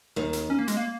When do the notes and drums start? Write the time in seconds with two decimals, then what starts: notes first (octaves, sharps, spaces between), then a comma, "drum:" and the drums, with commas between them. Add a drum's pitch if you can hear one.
0.16 D#2 D#3
0.33 drum: hi-hat
0.50 C#4
0.59 A#3
0.68 G#3, drum: hi-hat
0.77 A#3